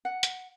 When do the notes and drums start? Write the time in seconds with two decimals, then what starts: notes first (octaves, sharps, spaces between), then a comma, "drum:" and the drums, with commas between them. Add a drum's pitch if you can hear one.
0.05 F#5
0.23 drum: hi-hat